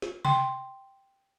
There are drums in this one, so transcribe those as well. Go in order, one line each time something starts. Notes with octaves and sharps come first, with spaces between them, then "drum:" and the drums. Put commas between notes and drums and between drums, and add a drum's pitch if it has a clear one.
drum: snare
G5 C6, drum: tom C3